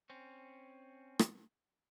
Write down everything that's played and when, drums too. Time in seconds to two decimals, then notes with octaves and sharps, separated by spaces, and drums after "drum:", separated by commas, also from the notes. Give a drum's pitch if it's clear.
0.10 C4 C#4
1.19 drum: rim click